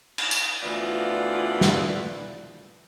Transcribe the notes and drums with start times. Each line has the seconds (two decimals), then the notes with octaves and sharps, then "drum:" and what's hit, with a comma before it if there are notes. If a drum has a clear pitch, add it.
0.18 drum: cymbal
0.31 drum: tambourine
0.63 D2 E3 F3 B3 F4 D5
1.61 drum: snare